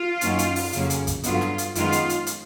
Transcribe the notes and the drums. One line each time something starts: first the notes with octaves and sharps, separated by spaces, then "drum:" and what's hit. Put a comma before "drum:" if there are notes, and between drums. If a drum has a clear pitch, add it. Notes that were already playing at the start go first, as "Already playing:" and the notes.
Already playing: F4
F#2 D#3 F#3 A#3 C#4, drum: hi-hat
drum: hi-hat
drum: open hi-hat
F2 C#3 F#3 A#3 C#4, drum: hi-hat
drum: hi-hat
drum: kick, hi-hat
G2 D3 F#3 B3 F4, drum: hi-hat
drum: snare
drum: hi-hat
F#2 D#3 G#3 B3 F4, drum: hi-hat
drum: hi-hat
drum: hi-hat
drum: hi-hat